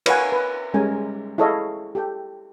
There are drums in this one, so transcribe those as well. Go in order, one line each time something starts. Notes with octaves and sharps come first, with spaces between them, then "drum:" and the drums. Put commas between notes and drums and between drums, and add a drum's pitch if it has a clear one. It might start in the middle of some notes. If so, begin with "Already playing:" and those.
B4 C#5 F5 F#5 G#5, drum: cymbal
B4
G3 G#3 C#4 A#4 G#5
E4 G#4 A4 C#5 D#5 F5
G4 A4 G5